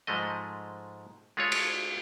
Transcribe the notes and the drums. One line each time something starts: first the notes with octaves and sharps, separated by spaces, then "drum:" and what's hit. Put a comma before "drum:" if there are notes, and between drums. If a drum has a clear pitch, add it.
G#2 F3 G#3 A3 D#5
G#3 A3 F4 G#4 C#5
drum: cymbal